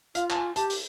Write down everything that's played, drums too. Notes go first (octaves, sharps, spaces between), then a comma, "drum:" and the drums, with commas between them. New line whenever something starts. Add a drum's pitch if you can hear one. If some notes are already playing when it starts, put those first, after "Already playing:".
F4 F5, drum: hi-hat
A5, drum: clap
G#5
G4 A5, drum: hi-hat
drum: open hi-hat